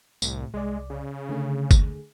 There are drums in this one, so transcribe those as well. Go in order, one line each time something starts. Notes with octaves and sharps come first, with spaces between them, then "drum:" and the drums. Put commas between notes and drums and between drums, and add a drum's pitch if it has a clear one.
C2 A2, drum: tambourine
C2 G#3 D5
C#3
D3 A3 G#4
drum: kick, tambourine